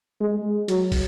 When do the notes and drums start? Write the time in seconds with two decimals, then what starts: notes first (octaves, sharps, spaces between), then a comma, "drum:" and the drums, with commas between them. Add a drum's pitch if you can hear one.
0.20 G#3
0.68 F#3, drum: hi-hat
0.92 drum: kick, open hi-hat